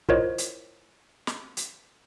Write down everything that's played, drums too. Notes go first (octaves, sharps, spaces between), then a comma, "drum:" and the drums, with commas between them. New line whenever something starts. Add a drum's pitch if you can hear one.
E4 F4 A#4 C5 C#5 D#5, drum: kick
drum: hi-hat
drum: snare
drum: hi-hat